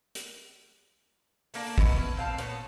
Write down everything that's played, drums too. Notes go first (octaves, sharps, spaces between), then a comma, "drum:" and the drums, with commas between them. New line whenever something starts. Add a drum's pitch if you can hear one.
drum: hi-hat
A3 A#3 D4, drum: open hi-hat
B3 C#4 E4 D#5, drum: kick
B4
A#2 C4 F5 A5
A#2 B3 A4 C#5, drum: hi-hat